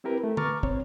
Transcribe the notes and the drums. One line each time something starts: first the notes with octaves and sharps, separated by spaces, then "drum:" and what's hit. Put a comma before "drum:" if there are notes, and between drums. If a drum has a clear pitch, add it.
C4 E4 G4 A#4 B4
A3
B4 A#5 C#6 D6 F6 A6, drum: tom D3
C4 C#5, drum: kick